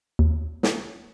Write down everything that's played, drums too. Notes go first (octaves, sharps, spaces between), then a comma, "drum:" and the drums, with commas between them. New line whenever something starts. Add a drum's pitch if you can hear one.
D#2
drum: snare